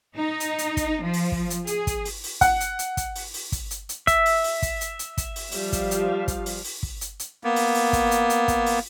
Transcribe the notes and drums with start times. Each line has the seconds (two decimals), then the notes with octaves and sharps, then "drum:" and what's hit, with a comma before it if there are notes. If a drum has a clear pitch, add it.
0.16 D#4
0.40 drum: hi-hat
0.58 drum: hi-hat
0.77 drum: kick, hi-hat
1.03 F3
1.14 drum: open hi-hat
1.32 drum: kick
1.50 drum: hi-hat
1.67 G#4, drum: hi-hat
1.87 drum: kick, hi-hat
2.05 drum: open hi-hat
2.24 drum: open hi-hat
2.41 F#5, drum: kick, hi-hat
2.60 drum: hi-hat
2.79 drum: hi-hat
2.97 drum: kick, hi-hat
3.16 drum: open hi-hat
3.34 drum: open hi-hat
3.52 drum: kick, hi-hat
3.71 drum: hi-hat
3.89 drum: hi-hat
4.07 E5, drum: kick, hi-hat
4.26 drum: open hi-hat
4.44 drum: open hi-hat
4.62 drum: kick, hi-hat
4.81 drum: hi-hat
4.99 drum: hi-hat
5.18 drum: kick, hi-hat
5.36 drum: open hi-hat
5.52 F3 G3 F5, drum: open hi-hat
5.73 drum: kick, hi-hat
5.91 drum: hi-hat
6.28 drum: kick, hi-hat
6.46 drum: open hi-hat
6.64 drum: open hi-hat
6.83 drum: kick
7.01 drum: hi-hat
7.19 drum: hi-hat
7.44 A#3 B3
7.56 drum: open hi-hat
7.75 drum: open hi-hat
7.93 drum: kick, hi-hat
8.11 drum: hi-hat
8.30 drum: hi-hat
8.48 drum: kick, hi-hat
8.66 drum: open hi-hat